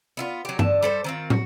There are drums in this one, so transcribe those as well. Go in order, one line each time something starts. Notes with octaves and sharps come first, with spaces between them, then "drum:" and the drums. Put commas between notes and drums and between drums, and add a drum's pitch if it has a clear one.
B3 E4 F4
F#3 G4
D3 A5, drum: tom G2
G3 A4 C5
D#3 C4 F4
F#4, drum: tom